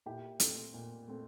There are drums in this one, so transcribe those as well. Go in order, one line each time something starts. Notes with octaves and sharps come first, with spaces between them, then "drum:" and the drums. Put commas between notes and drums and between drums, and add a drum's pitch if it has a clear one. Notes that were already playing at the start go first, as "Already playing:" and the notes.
A#2 E4 G4
A3 C4, drum: hi-hat
A#2
A3 C4